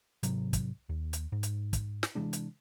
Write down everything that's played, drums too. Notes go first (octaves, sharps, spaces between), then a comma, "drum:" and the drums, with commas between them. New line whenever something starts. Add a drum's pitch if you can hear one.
G#2 C3 F#3, drum: hi-hat
drum: kick, hi-hat
D#2
drum: hi-hat
G#2
drum: hi-hat
drum: kick, hi-hat
drum: snare
C3 E3 G#3 D4
drum: hi-hat